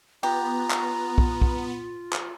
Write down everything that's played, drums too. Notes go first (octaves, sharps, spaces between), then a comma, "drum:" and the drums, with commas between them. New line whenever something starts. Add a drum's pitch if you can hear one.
B3 F4 G4 A#5
drum: clap
drum: kick
drum: kick
drum: clap